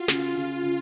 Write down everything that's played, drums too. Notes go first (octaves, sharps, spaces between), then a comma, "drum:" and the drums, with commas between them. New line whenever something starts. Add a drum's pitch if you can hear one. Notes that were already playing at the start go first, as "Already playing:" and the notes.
Already playing: F4 F#4
C#3, drum: snare
C#3
C#3